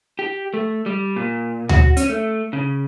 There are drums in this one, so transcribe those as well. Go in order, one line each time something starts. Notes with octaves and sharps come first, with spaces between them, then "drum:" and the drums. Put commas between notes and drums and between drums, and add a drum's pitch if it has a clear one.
G4
A3
G3
A#2
F#4, drum: tom D2
C#4, drum: hi-hat
A3
C#3